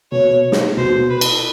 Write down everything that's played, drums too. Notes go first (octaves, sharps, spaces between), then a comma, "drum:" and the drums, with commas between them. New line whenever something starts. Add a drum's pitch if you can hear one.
B2 C#5
drum: snare
B2 C5
B4
drum: cymbal